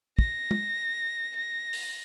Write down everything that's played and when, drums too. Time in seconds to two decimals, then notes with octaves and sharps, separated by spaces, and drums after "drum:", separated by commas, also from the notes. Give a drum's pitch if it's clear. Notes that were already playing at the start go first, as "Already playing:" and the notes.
0.19 A#6, drum: kick
0.51 drum: tom
1.36 A#6
1.73 drum: open hi-hat